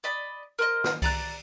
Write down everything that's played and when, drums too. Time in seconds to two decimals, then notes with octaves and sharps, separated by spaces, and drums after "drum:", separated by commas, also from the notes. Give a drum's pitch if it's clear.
0.04 D5 D#5 B5
0.59 A#4 C5 D5 D#5
0.84 drum: snare
1.02 D5 A#5 F#6, drum: kick C2, open hi-hat